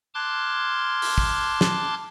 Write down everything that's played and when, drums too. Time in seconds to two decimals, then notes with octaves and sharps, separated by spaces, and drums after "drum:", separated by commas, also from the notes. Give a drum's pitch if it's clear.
0.15 A5 C6 D6 F6 F#6 G#6
1.02 drum: open hi-hat
1.18 drum: kick
1.61 drum: snare